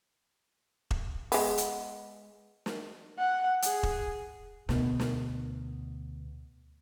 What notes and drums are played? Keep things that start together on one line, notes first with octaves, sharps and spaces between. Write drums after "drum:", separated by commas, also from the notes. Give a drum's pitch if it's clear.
drum: kick E1
G#3 B3, drum: open hi-hat
drum: hi-hat
drum: snare
F#5
G#4, drum: hi-hat
drum: kick E1
D2 B2, drum: snare
drum: snare